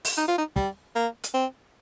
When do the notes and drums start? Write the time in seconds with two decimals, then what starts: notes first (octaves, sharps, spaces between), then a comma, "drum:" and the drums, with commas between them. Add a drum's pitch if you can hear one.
0.05 drum: open hi-hat
0.18 D#4
0.28 F4
0.38 D#4
0.56 G3, drum: kick
0.96 A#3
1.24 drum: hi-hat
1.34 C4